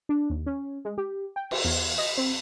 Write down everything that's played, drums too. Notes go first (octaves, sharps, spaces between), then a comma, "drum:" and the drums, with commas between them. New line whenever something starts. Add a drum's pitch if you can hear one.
D4
D#2
C#4
G#3
G4
G5
drum: cymbal
E2
D#5
C4